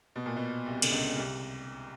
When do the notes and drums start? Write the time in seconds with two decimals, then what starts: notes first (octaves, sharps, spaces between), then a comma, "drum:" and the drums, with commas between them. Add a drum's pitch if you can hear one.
0.16 B2
0.26 A#2
0.36 B2
0.66 C2 C3
0.82 D3, drum: cymbal
0.92 C#2 C#3
1.17 C2 C3